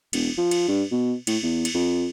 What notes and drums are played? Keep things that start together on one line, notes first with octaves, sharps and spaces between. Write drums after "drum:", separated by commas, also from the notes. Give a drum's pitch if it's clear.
E1, drum: cymbal
F3
drum: cymbal
G2
B2
A2, drum: cymbal
E2
drum: cymbal
F2